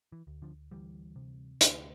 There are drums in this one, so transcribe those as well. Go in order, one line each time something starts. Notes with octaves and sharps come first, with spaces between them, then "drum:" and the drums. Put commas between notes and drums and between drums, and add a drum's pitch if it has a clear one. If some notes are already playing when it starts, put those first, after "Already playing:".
E3
D2
D3 F3
D2 E3 G3
C3
D2, drum: hi-hat